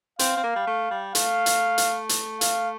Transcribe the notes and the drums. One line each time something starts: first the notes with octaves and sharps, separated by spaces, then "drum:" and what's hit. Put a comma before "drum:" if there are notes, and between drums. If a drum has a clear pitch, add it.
C4 F5, drum: hi-hat
C4
A#3
G3
A3
G3
A3 F5, drum: hi-hat
drum: hi-hat
drum: hi-hat
drum: hi-hat
F5, drum: hi-hat